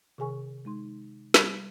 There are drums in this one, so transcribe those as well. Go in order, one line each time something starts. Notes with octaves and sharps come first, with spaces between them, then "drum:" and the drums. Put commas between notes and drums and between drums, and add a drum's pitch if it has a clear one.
C3 D#3 G#4 G#5 C#6
G#3 D#4 C6
G3, drum: snare